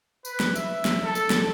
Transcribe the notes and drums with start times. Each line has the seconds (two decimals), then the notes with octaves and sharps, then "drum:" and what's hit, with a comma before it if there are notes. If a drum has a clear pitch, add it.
0.25 B4, drum: tambourine
0.40 drum: snare
0.56 E5, drum: tambourine
0.85 drum: snare
1.04 A4
1.15 drum: tambourine
1.30 drum: snare